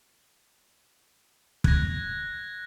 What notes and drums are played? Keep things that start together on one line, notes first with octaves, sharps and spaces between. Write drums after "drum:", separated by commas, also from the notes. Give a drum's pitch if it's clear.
F#6 G#6 A#6, drum: kick